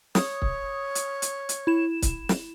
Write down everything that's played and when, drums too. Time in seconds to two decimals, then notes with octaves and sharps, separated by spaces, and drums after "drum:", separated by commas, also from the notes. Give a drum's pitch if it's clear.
0.15 C#5 D#6, drum: snare
0.42 drum: kick C#1
0.95 drum: hi-hat
1.22 drum: hi-hat
1.49 drum: hi-hat
1.67 E4 E7
2.02 drum: kick C#1, hi-hat
2.29 drum: snare